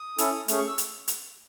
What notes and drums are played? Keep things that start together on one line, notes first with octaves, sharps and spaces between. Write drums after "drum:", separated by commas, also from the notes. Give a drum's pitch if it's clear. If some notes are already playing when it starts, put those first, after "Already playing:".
Already playing: D#6
C#4 E4 A4, drum: hi-hat
A3 C#4 G#4, drum: hi-hat
C#6
E6
drum: hi-hat
drum: hi-hat